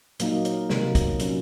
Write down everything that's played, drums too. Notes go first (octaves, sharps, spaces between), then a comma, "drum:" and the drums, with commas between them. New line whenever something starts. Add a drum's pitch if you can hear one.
A#2 F#3 A#3 D#4, drum: hi-hat
drum: hi-hat
C3 D#3 F#3 A#3, drum: snare
drum: kick, hi-hat
A#2 F#3 C#4, drum: hi-hat